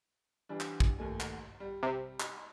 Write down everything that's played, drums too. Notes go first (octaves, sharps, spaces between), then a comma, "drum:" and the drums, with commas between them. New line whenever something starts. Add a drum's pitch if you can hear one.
E3 G3 D4
drum: clap
drum: kick
D#2 A3 G#5
drum: clap
G3
C3
drum: clap